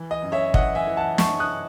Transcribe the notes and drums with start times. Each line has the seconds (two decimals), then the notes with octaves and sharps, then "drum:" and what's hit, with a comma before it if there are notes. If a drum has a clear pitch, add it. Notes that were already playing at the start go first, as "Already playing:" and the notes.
Already playing: E3
0.11 D#5
0.22 F#2
0.32 C#5 E5
0.54 E3 D#5 F#5, drum: kick
0.75 E5 G#5
0.87 E3
0.97 F#5 A5
1.18 E3 A5 C#6, drum: snare
1.39 D#6 F#6